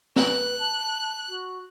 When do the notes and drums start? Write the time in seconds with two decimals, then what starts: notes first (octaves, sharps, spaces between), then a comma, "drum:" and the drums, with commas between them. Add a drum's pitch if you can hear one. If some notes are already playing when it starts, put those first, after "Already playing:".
0.16 B4 F#6, drum: snare
0.59 A5
1.28 F#4